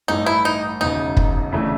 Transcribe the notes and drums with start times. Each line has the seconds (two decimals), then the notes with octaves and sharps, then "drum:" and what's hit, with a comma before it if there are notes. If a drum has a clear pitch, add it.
0.08 A1 G2 E3 A3 D#4
0.26 E4
0.45 D#4
0.81 E1 D2 C#3 D#4
1.17 drum: kick
1.52 D2 C#3 E3 A3 D4